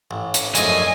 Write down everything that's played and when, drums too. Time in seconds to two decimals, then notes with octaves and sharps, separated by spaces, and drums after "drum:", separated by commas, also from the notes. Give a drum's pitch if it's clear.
0.11 A1
0.34 drum: hi-hat
0.55 A#1 F#2 A3 D#5 G#5 C6, drum: hi-hat